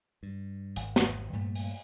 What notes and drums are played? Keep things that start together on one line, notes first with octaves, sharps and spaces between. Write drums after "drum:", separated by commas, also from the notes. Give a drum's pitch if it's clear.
G2
G#1, drum: hi-hat
drum: snare
G2 A#2 A3
drum: open hi-hat